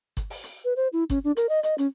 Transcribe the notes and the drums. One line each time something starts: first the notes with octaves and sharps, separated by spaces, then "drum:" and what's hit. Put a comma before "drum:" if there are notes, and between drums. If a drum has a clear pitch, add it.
drum: kick G1, hi-hat
drum: open hi-hat
drum: hi-hat
B4
C5
E4
C#4, drum: kick G1, hi-hat
D4
A#4, drum: hi-hat
D#5
D#5, drum: hi-hat
C#4, drum: hi-hat